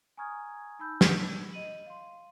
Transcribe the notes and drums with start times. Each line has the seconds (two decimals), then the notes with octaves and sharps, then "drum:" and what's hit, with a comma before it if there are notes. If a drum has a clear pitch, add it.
0.17 G#5 A#5 C#6 D#6 F6 G#6
0.79 D#4 A5 B5 E6 G6
1.01 drum: snare
1.52 D#5 D#7 F#7
1.87 F5 C6